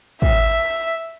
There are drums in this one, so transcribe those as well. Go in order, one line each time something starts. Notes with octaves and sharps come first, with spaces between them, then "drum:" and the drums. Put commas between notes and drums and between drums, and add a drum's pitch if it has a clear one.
E5, drum: kick